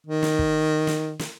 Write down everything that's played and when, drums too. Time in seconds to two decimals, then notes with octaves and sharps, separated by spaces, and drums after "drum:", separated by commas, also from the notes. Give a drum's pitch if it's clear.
0.06 D#3
0.23 drum: snare
0.39 drum: kick
0.87 drum: snare
1.19 drum: snare